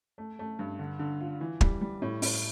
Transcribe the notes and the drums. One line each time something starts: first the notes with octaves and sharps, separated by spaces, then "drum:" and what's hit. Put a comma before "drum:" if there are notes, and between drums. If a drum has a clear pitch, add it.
A3
A3
G2
D3
D3
F4
E3
G3, drum: kick
G3
A2
A2, drum: open hi-hat